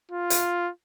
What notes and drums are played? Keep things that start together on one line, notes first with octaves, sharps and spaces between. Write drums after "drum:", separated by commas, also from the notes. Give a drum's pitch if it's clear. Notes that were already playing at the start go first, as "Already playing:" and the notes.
F4
drum: hi-hat